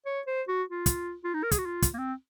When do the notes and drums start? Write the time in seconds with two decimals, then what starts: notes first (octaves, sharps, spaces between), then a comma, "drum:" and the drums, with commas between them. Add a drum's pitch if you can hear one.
0.06 C#5
0.27 C5
0.48 F#4
0.70 F4
0.86 drum: kick, hi-hat
1.24 F4
1.34 D#4
1.43 A#4
1.51 G#4, drum: kick, hi-hat
1.58 F#4
1.66 F4
1.82 drum: kick, hi-hat
1.94 A#3
1.98 C4